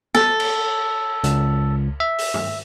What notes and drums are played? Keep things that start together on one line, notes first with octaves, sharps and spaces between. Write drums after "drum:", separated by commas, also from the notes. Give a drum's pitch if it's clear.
A4, drum: snare
drum: cymbal
C#2, drum: hi-hat
E5
drum: open hi-hat
drum: tom G2